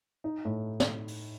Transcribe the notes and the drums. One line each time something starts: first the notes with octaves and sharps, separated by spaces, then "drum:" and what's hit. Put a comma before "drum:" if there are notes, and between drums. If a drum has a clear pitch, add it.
D#4
A2
drum: snare
drum: open hi-hat